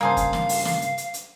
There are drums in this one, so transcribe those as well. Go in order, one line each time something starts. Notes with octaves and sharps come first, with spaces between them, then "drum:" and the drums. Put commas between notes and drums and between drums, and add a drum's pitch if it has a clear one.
G2 C#3 A#3 G#4 C5 F5 A5
drum: kick, hi-hat
drum: snare
drum: open hi-hat
drum: snare
drum: hi-hat
drum: hi-hat
drum: hi-hat